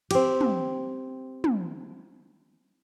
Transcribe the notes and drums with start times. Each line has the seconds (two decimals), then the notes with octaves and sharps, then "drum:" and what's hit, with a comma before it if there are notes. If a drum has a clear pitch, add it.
0.11 C4 G4, drum: cymbal
0.41 drum: tom
1.44 drum: tom